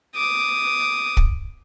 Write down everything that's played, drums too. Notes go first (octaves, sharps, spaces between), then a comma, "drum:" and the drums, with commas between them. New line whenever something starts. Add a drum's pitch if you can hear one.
D6 D#6
drum: kick